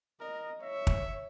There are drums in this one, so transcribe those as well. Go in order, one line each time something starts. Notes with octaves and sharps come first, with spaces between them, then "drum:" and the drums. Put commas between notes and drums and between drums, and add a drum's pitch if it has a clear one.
A#4 D#5
C#5 E5
drum: kick